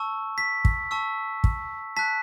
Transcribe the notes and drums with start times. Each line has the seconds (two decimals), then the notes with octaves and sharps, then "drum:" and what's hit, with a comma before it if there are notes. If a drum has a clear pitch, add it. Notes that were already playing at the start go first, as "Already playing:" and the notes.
Already playing: A5 C#6 E6
0.38 B6
0.65 drum: kick
0.91 A5 C#6 E6
1.44 drum: kick
1.97 A5 F#6 B6